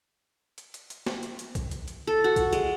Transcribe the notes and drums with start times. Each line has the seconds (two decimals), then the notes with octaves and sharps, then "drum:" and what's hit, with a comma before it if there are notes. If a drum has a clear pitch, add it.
0.58 drum: hi-hat
0.74 drum: hi-hat
0.90 drum: hi-hat
1.06 drum: snare
1.23 drum: hi-hat
1.39 drum: hi-hat
1.55 drum: kick B1, hi-hat
1.71 drum: hi-hat
1.88 drum: hi-hat
2.07 A4
2.24 F#4
2.36 drum: kick B1, hi-hat
2.53 G#3, drum: hi-hat